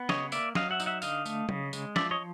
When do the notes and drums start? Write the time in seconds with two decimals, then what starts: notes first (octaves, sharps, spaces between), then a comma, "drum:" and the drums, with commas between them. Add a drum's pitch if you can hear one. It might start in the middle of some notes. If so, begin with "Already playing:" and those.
Already playing: B3
0.09 C#3 C#5 D#5, drum: snare
0.32 A#3 D5 E5, drum: tambourine
0.55 F#3 D#5 F5, drum: snare
0.71 E5 F#5
0.80 D#4, drum: tambourine
0.86 E5 F#5
1.02 D3 D#5 F5, drum: tambourine
1.25 A3, drum: tambourine
1.49 C#3, drum: tom F#3
1.73 G#3, drum: tambourine
1.96 F3 D5 E5, drum: snare
2.11 C#5 D#5